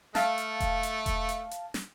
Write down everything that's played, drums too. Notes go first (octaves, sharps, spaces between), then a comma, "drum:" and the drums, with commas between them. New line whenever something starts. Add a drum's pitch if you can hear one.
A3 F5 A5, drum: snare
drum: hi-hat
drum: kick E1, hi-hat
drum: hi-hat
drum: kick E1, hi-hat
drum: hi-hat
drum: hi-hat
drum: snare